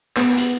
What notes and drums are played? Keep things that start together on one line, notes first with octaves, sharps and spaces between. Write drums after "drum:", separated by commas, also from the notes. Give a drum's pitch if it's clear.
B3, drum: clap
drum: hi-hat